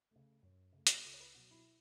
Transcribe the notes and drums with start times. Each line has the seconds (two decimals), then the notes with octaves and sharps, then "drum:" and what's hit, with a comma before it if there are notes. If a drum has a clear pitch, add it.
0.11 C#3 A3
0.43 F#2
0.73 C#3 A3
0.87 drum: hi-hat
1.04 C#2 A4
1.14 C#5
1.20 B4
1.34 B2 F#3 F#4
1.51 E4